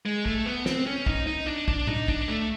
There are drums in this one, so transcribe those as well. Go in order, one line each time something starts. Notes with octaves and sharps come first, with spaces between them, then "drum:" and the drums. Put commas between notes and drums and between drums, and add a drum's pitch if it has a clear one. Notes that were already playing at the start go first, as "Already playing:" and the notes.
G#3
A3, drum: kick
B3
C4, drum: snare
C#4
D#4, drum: kick
D#4
D4
D4, drum: kick
D#4, drum: tom A2
D4, drum: kick
A3